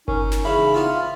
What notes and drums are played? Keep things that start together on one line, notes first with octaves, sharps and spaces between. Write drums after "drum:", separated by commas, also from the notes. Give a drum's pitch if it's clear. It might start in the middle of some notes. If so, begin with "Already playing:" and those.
C#4 D#4 A#4, drum: kick G1
drum: snare
G#2 C#3 E3 E5 B5
B3 C#4 E4 F4